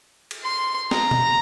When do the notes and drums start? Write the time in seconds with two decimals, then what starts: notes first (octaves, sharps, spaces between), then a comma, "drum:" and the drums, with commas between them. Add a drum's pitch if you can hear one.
0.31 drum: cymbal
0.43 C6
0.91 A#5, drum: snare
1.11 drum: tom B2